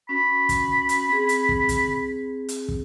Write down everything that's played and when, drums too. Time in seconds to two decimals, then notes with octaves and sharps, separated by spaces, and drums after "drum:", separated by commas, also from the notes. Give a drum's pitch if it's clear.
0.09 C#4 F#4 B5
0.49 drum: kick, hi-hat
0.89 drum: hi-hat
1.09 C4 G#4
1.29 drum: hi-hat
1.49 drum: kick
1.69 drum: kick, hi-hat
2.49 drum: hi-hat
2.68 drum: kick